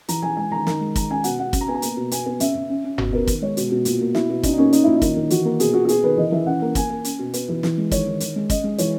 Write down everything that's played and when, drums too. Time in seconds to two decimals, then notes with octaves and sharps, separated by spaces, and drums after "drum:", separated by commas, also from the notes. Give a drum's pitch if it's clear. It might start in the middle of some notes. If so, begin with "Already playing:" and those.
0.08 E3 A#5, drum: hi-hat
0.22 E3 G#5
0.37 G#3 G#5
0.52 D#3 A#5
0.67 D#3, drum: snare
0.81 G#3
0.95 D#3 A#5, drum: kick, hi-hat
1.10 C#4 G#5
1.24 B2 F#5, drum: hi-hat
1.40 B2 F#5
1.53 C#3, drum: kick, hi-hat
1.61 A#5
1.68 B3 G#5
1.74 A#5
1.82 A#3, drum: hi-hat
1.97 B2
2.11 B3 G#5, drum: hi-hat
2.26 B3
2.40 C#3 E5, drum: hi-hat
2.55 C#3
2.69 C#4
2.84 C#4
2.98 B2, drum: tom F#1
3.13 B3 A#4
3.27 D#3, drum: kick, hi-hat
3.42 G#3 C#5
3.57 B2, drum: hi-hat
3.71 B2
3.85 A#2, drum: hi-hat
4.00 A#3
4.15 B2 E4, drum: snare
4.30 B2
4.43 C#4 D#4, drum: kick, hi-hat
4.53 D#4
4.58 A#3 C#4
4.73 C#4 D#4, drum: hi-hat
4.84 A#2 E4
4.96 D#4
5.02 D#3, drum: kick, hi-hat
5.16 D#3
5.30 E3 F#4, drum: hi-hat
5.45 A#3
5.60 B2 G#4, drum: hi-hat
5.74 B2 F#4
5.85 F#4
5.89 B3 G#4, drum: hi-hat
6.03 D#3 B4
6.17 E3 D#5
6.32 E3 E5
6.46 C#4 F#5
6.62 A#3
6.75 A#3 G#5, drum: kick, hi-hat
6.90 A#3
7.05 C#4, drum: hi-hat
7.19 B2
7.34 B3, drum: hi-hat
7.49 E3
7.63 E3, drum: snare
7.77 G#3
7.91 D#3 C#5, drum: kick, hi-hat
8.06 D#3
8.20 D#3, drum: hi-hat
8.36 G#3
8.50 C#4 D#5, drum: kick, hi-hat
8.64 G#3
8.78 E3 C#5, drum: hi-hat